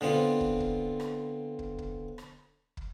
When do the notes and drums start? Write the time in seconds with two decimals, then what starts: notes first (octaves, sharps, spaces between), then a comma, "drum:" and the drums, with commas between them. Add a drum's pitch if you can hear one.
0.01 D3 B3 C4 F4
0.40 drum: kick
0.60 drum: kick
1.00 drum: rim click
1.59 drum: kick
1.79 drum: kick
2.18 drum: rim click
2.77 drum: kick